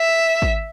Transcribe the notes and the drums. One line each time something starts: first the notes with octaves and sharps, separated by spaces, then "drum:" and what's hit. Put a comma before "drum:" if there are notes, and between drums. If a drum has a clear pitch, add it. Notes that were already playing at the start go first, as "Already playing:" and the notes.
Already playing: E5
drum: kick G#1